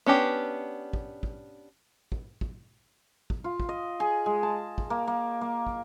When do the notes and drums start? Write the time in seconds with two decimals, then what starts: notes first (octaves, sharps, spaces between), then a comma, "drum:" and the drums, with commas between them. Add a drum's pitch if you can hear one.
0.06 B3 C#4 D4 G4
0.93 drum: kick
1.23 drum: kick
2.12 drum: kick
2.41 drum: kick
3.30 drum: kick
3.44 F4
3.60 drum: kick
3.69 D#5
4.00 G#4
4.26 G#3
4.43 A5
4.78 drum: kick
4.90 A#3
5.07 A#3
5.41 A#3
5.67 drum: kick